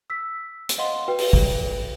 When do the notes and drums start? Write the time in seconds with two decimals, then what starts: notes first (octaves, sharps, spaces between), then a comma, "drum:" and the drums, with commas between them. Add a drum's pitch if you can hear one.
0.10 E6 B6
0.69 drum: hi-hat
0.78 D#5 F5 F#5 C6 G7
1.08 F#4 B4 G5
1.19 drum: open hi-hat
1.33 drum: kick